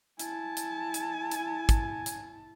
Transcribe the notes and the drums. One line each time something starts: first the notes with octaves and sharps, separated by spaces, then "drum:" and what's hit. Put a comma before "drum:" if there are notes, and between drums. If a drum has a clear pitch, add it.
E4 G#5 A5, drum: hi-hat
drum: hi-hat
drum: hi-hat
drum: hi-hat
drum: kick, hi-hat
drum: hi-hat